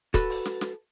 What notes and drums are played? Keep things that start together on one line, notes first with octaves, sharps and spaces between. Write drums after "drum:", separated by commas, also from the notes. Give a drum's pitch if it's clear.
F#4 A4 B4, drum: kick, hi-hat
drum: open hi-hat
drum: snare
drum: snare